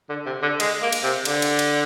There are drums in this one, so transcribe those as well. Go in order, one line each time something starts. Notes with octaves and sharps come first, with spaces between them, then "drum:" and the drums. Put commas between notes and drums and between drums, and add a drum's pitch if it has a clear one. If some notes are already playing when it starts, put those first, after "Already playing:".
D3
C3
D3
G#3, drum: cymbal
A#3
drum: cymbal
C3
D3, drum: cymbal
drum: cymbal
drum: cymbal